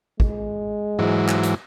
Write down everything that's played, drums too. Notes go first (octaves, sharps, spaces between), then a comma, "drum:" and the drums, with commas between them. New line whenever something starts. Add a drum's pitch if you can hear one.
G#3, drum: kick
G#2 E3 F#3
drum: clap
drum: hi-hat